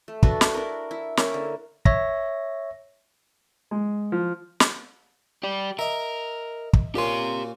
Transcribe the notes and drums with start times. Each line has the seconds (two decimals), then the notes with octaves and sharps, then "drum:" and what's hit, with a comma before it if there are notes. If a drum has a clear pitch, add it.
0.08 A3
0.23 D4 F#4 A4 B4, drum: kick
0.41 drum: snare
0.54 D4 E4 A#4
0.91 E4
1.17 A#3 C#4 E4 A#4, drum: snare
1.34 D3
1.85 C#5 E5 A#6, drum: kick
3.71 G#3
4.12 F3
4.60 drum: snare
5.43 G4 D5
5.79 A#4 D#5 E5
6.73 drum: kick
6.95 A#2 A#3 C#4 G4 C6